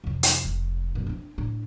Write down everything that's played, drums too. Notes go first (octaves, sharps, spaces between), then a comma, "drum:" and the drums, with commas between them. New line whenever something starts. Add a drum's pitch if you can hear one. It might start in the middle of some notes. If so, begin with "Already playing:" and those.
F2 C3
drum: hi-hat
F1 F3
F#2 B2
C4 D4
A2 D4